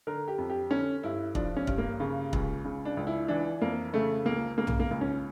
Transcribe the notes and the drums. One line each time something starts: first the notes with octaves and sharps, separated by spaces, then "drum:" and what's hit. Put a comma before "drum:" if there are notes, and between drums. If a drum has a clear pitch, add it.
D3 A#4
G4
F2
G4
D3 C#4
G2 E4
F3 D4, drum: kick
C#4
G2, drum: kick
A#3
C#3
C#2, drum: kick
C#3
D4
C#2
E4
E3 D4
F2 A#3
C#3 A3
C#2 A#3
C#3 A#3
drum: tom B1
A#3
C#2
C#4